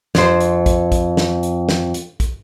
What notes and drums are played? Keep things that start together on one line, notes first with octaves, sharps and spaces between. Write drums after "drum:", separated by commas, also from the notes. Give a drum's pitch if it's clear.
F2 C5, drum: snare
drum: hi-hat
drum: kick, hi-hat
drum: kick, hi-hat
drum: snare
drum: hi-hat
drum: snare
drum: hi-hat
drum: kick, hi-hat